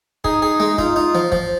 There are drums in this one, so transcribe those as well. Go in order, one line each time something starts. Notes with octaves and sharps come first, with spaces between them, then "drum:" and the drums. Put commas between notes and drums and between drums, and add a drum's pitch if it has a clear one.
D#4 G#4, drum: kick
G#4
G#3
D#4 F4, drum: kick
D#4
F3
F3, drum: kick